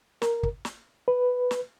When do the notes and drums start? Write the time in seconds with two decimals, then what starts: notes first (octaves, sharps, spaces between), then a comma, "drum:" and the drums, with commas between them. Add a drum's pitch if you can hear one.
0.22 A#4, drum: snare
0.43 drum: kick
0.65 drum: snare
1.08 B4
1.51 drum: snare